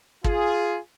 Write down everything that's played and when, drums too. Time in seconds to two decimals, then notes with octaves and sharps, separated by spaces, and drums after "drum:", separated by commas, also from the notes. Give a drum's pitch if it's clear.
0.24 F4 G#4, drum: kick